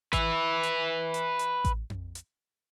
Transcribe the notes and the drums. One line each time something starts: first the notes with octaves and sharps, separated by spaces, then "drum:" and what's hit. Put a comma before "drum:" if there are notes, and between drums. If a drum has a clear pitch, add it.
B4 E5, drum: kick A1, hi-hat
drum: hi-hat
drum: hi-hat
drum: hi-hat
drum: kick A1, hi-hat
drum: tom F2
drum: hi-hat